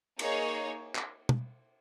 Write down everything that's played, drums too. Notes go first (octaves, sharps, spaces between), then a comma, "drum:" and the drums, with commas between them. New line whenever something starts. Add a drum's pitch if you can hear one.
A#3 D#4 G#4 C#5, drum: cymbal
drum: clap
drum: tom